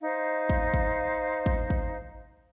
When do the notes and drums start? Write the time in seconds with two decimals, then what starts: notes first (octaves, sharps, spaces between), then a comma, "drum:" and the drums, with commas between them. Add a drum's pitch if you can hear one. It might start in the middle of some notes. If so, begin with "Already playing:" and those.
0.01 D#4 C5 F5
0.50 drum: kick
0.74 drum: kick
1.46 drum: kick
1.70 drum: kick